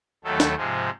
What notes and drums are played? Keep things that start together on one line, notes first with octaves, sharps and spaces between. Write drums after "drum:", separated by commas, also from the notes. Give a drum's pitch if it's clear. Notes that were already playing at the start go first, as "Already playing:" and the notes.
D#2 D#3 F#3 A3 A4
drum: snare
G#2 C3 F3 G#3